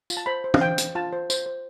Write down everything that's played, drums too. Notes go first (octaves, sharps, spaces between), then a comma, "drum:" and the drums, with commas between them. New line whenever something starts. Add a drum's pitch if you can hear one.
F4, drum: tambourine
A5
C5 B5
C5
F5, drum: tom
C5 G5
C5, drum: hi-hat
F4 A5
C5
C5, drum: tambourine
C5